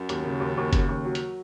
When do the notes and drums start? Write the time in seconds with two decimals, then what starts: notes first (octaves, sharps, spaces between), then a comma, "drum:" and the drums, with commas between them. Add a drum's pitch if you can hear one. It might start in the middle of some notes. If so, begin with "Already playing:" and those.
Already playing: F#2
0.09 D#2, drum: hi-hat
0.24 C#3
0.40 D#2
0.57 D#2
0.73 C#3, drum: kick F#1, hi-hat
0.89 D#2
1.05 F#3
1.15 drum: hi-hat